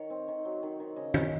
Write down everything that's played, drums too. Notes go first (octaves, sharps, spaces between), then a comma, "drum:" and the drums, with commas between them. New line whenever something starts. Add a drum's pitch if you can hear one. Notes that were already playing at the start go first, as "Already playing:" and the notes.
Already playing: D#3 C#5
C4
D#3
F#3
D#3
D#3
C#3 D#5
C#3, drum: tom